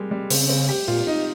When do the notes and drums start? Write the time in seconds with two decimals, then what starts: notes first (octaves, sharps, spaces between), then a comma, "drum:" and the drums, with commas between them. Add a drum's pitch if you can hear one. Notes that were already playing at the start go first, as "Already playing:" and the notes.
Already playing: G3 G#3 A#3 C4
0.11 G3
0.30 C#3 C4, drum: open hi-hat
0.49 C4
0.69 G4
0.88 A#2 F4
1.07 D#4